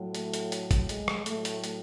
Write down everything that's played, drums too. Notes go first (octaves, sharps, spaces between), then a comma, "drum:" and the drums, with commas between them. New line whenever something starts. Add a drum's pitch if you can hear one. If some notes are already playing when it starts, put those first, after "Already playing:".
Already playing: A2 F#3
A3, drum: hi-hat
drum: hi-hat
drum: hi-hat
drum: kick, hi-hat
G#3, drum: hi-hat
drum: rim click
A2 F#3 A3, drum: hi-hat
drum: hi-hat
drum: hi-hat